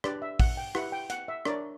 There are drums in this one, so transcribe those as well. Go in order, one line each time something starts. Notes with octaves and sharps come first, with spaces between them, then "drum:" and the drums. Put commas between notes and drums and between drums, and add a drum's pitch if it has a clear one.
D4 G4 B4 D5, drum: rim click
E5
F#5, drum: kick, open hi-hat
G5
E4 G4 B4 F#5, drum: rim click
G5
F#5, drum: hi-hat
E5
D4 A#4 C#5 D5, drum: rim click